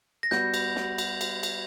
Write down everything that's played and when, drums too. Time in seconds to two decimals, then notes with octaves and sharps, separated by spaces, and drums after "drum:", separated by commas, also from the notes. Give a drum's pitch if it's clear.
0.23 A#6
0.31 G3 B3 F#4 G6, drum: snare
0.54 drum: cymbal
0.76 drum: snare
0.98 drum: cymbal
1.21 drum: cymbal
1.43 drum: cymbal